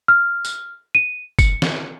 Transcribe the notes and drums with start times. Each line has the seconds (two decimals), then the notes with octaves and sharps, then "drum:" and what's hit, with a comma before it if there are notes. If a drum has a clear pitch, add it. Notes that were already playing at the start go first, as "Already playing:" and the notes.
0.08 F6
0.45 drum: tambourine
0.95 D#7
1.39 C#7, drum: kick, tambourine
1.62 drum: snare